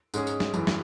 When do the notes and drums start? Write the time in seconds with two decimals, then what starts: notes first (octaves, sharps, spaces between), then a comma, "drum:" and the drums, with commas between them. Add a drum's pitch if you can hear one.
0.14 G#2 G#3 C#4 G#4, drum: tambourine
0.27 drum: tambourine
0.40 drum: snare
0.54 F#2 E3 G#3, drum: tambourine
0.67 drum: snare